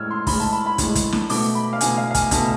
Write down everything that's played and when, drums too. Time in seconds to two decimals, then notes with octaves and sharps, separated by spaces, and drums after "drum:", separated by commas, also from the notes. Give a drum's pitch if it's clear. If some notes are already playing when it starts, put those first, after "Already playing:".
Already playing: A2 G#3 E6 F6 G#6
0.11 C6
0.27 A2 G#3 B5, drum: kick, open hi-hat
0.40 A5
0.52 B5
0.66 B5
0.78 A2, drum: kick, hi-hat
0.83 G#3
0.95 drum: kick, hi-hat
1.12 drum: snare
1.29 B2 A3 D6, drum: open hi-hat
1.55 B5
1.73 F5
1.81 B2 A3 G#5, drum: hi-hat
1.97 F5
2.11 F5
2.15 G#5, drum: kick, hi-hat
2.31 B2 A3 A5, drum: kick, hi-hat